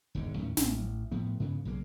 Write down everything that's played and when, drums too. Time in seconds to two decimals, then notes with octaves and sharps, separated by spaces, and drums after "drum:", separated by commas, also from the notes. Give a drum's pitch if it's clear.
0.15 E1 D#2 G#2 D3
0.37 D#2 A2 D#3 C#4
0.57 A1, drum: snare
1.11 A2 F3 B3
1.40 G2 C#3 E3 B3
1.65 B1 C#3 A#3